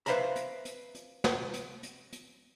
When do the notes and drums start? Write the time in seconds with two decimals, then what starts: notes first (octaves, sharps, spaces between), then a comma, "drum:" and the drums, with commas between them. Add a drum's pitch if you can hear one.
0.06 B4 C5 E5 F5 A#5 B5, drum: hi-hat
0.36 drum: hi-hat
0.65 drum: hi-hat
0.95 drum: hi-hat
1.24 drum: snare
1.54 drum: hi-hat
1.83 drum: hi-hat
2.13 drum: hi-hat